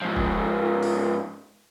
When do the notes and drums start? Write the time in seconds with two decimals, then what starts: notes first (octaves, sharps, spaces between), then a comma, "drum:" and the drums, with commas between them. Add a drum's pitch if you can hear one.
0.01 G#2 F3
0.16 drum: kick F1
0.83 drum: open hi-hat